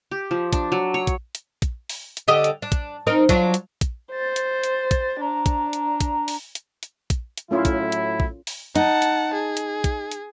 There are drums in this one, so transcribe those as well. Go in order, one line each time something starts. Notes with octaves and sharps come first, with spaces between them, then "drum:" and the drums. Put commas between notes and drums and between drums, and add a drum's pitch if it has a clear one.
G4
F3
D4, drum: kick, hi-hat
F#3
C#5
drum: kick, hi-hat
drum: hi-hat
drum: kick, hi-hat
drum: open hi-hat
drum: hi-hat
D3 G4 D#5
drum: hi-hat
D4
drum: kick, hi-hat
C4 D#4 A#4
F#3 D4 F4, drum: kick, hi-hat
drum: hi-hat
drum: kick, hi-hat
C5 A6
drum: hi-hat
drum: hi-hat
drum: kick, hi-hat
D4 A#5
drum: kick, hi-hat
drum: hi-hat
drum: kick, hi-hat
drum: open hi-hat
drum: hi-hat
drum: hi-hat
drum: kick, hi-hat
drum: hi-hat
A2 F#3 A3 C#4 E4 F4
drum: kick, hi-hat
drum: hi-hat
drum: kick
drum: open hi-hat
D#4 F#5 A5, drum: hi-hat
drum: hi-hat
G#4
drum: hi-hat
drum: kick, hi-hat
drum: hi-hat